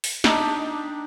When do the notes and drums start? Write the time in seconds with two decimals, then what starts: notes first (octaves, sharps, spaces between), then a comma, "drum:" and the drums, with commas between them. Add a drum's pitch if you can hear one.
0.04 drum: open hi-hat
0.24 D4 D#4 G4, drum: snare